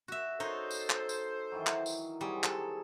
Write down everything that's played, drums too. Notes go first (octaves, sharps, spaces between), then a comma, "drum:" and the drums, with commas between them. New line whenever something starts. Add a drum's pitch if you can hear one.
F#4 E5
D#4 A4 C5 C#5 D#5
drum: tambourine
drum: clap
drum: tambourine
D#3 E3 F#3
drum: clap
drum: tambourine
F#3 G3 C4 G#4
A4, drum: clap